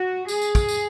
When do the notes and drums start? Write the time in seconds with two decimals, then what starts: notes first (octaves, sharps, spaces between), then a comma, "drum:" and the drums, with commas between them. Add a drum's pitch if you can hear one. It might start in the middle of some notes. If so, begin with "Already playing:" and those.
Already playing: F#4
0.28 G#4, drum: tambourine
0.42 drum: tambourine
0.55 drum: kick, tambourine
0.68 drum: tambourine